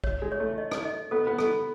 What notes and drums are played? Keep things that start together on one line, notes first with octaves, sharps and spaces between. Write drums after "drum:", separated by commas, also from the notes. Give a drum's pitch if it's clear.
C#5, drum: kick B1
G#3
C#5
A3
D#5
drum: rim click
D#5
B3 A4
B3
A4, drum: rim click